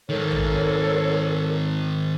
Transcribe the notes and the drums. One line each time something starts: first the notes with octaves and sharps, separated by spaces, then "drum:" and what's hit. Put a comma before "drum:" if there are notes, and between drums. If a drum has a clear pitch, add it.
G#2 D#3 A4 A#4 C#5
drum: tom A1